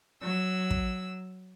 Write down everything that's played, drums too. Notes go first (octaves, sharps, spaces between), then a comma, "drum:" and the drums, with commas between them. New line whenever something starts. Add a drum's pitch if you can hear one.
F#3 E6
drum: kick